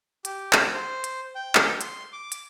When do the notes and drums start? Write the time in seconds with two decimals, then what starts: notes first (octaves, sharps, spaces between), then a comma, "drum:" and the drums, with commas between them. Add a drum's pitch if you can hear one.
0.25 G4, drum: hi-hat
0.53 drum: clap
0.73 C5
1.04 drum: hi-hat
1.35 G5
1.55 drum: clap
1.81 C6, drum: hi-hat
2.13 D6
2.32 drum: hi-hat